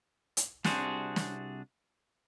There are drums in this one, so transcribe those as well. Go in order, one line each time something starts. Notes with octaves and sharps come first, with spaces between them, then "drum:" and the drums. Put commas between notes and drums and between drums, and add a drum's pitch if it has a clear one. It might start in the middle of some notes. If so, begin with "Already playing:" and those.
drum: hi-hat
C2 C3 D4 F#4 G#4 C5, drum: snare
drum: snare